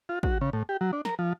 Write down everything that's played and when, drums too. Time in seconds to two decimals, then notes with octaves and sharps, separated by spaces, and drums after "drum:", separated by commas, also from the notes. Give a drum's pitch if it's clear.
0.09 F4
0.23 F#4, drum: kick
0.41 C#3
0.53 A2
0.69 G4
0.81 F#3
0.93 D4
1.05 A#4, drum: snare
1.19 F3